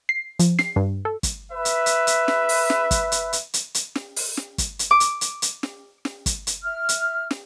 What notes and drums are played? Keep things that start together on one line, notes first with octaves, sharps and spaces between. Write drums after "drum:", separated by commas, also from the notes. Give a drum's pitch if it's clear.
C7
F3, drum: hi-hat
C7, drum: snare
G2
A4
drum: kick, hi-hat
B4 E5
drum: hi-hat
drum: hi-hat
drum: hi-hat
drum: snare
drum: open hi-hat
drum: snare
drum: kick, hi-hat
drum: hi-hat
drum: hi-hat
drum: hi-hat
drum: hi-hat
drum: snare
drum: open hi-hat
drum: snare
drum: kick, hi-hat
drum: hi-hat
D6
drum: hi-hat
drum: hi-hat
drum: hi-hat
drum: snare
drum: snare
drum: kick, hi-hat
drum: hi-hat
E5 F6
drum: hi-hat
drum: snare